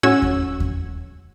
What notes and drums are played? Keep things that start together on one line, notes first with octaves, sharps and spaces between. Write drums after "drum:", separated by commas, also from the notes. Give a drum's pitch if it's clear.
A2 C#4 F#4 E6 G#6
drum: kick E2
drum: kick E2